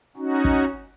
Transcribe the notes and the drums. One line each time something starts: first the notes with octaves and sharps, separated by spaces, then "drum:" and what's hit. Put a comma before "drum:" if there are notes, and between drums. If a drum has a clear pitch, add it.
C#4 D#4 F#4
drum: kick